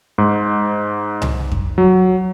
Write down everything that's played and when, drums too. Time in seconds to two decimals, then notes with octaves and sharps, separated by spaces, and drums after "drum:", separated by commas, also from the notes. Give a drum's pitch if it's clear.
0.18 G#2
1.22 drum: tom C2
1.52 drum: kick F2
1.78 F#3